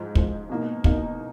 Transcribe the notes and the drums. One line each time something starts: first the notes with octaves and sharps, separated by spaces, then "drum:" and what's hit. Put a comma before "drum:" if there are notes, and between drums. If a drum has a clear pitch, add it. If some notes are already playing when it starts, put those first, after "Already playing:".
Already playing: G#2 F3 G#3
G#2 F3 G#3, drum: kick
B2 A#3 D#4
B2 A#3 D#4, drum: kick